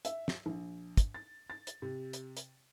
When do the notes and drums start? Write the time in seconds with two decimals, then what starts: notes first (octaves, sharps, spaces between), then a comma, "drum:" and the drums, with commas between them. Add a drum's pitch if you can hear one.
0.05 E5, drum: hi-hat
0.28 drum: snare
0.46 A#1
0.97 drum: kick, hi-hat
1.14 A6
1.50 A6
1.67 drum: hi-hat
1.82 C3
2.13 drum: hi-hat
2.37 drum: hi-hat